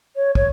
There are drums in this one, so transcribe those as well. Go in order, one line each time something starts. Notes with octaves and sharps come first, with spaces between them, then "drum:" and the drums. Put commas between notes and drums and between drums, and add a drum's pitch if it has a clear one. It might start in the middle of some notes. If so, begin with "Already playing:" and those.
C#5
C#5, drum: kick